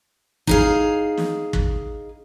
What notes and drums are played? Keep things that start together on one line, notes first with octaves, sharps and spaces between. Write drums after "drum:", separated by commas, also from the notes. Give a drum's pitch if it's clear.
D#4 G#4 F5, drum: kick
drum: snare
drum: kick